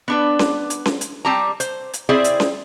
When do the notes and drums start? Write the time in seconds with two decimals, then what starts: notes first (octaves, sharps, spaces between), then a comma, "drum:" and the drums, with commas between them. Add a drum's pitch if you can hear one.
0.08 B3 D4 B4
0.39 drum: snare C#4
0.70 drum: hi-hat
0.86 drum: snare C#4
1.01 drum: hi-hat
1.25 G3 C4 G4 A5 A#5
1.60 C5, drum: hi-hat
1.93 drum: hi-hat
2.09 C4 E4 G#4 C5 D5 E5
2.24 drum: hi-hat
2.40 drum: snare C#4